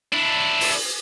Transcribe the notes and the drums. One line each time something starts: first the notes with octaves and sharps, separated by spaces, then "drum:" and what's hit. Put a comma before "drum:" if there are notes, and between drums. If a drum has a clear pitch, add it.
D4 E4
drum: open hi-hat